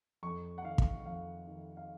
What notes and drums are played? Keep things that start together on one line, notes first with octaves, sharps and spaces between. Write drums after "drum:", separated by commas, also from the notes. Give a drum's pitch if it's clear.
F2 C#6
F#5
D#3 F5
drum: kick
F2 F5
D#3
F5